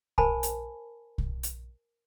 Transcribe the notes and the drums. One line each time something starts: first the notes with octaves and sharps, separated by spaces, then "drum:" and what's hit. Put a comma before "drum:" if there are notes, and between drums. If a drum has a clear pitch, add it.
A#4 C5 G#5 A5 B5, drum: kick B1
drum: hi-hat
drum: kick B1
drum: hi-hat